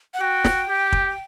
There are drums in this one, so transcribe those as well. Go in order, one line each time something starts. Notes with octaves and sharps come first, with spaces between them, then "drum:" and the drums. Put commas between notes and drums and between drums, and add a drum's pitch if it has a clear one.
F#5
F#4 G5
drum: snare
G4
drum: kick